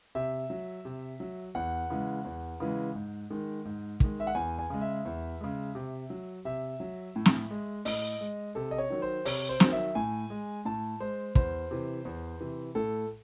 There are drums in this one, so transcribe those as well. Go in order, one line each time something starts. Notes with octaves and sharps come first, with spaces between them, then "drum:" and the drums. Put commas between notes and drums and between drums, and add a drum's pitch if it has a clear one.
C3 E5
F#3
C3
F#3
E2 F#5
C#3 E3 G#3
E2
C#3 E3 G#3
G#2
D#3 G#3
G#2
D#3 G#3, drum: kick
E5
F#5
E2 G#5
G#5
C#3 G#3
E5
E2
C#3 G#3
C3
F#3
C3 E5
F#3
A2
drum: snare
G#3
A2 D#5, drum: open hi-hat
G#3
C3 A4
D#5
C#5
D#3 F#3
C5
C3 C#5, drum: open hi-hat
C5
D#3 F#3, drum: snare
E5
A2 G#5
G#3
A2 A5
G#3 C5
E2 C5, drum: kick
C3 E3
E2
C3 E3
A2 A4